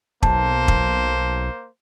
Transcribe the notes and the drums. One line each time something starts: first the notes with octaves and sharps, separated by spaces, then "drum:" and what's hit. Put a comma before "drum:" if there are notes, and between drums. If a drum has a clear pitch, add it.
B1 A#3 C5 A5, drum: kick
drum: kick